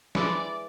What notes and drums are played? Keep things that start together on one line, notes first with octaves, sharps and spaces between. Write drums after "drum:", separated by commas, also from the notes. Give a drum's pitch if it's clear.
E3 G#3 D5, drum: snare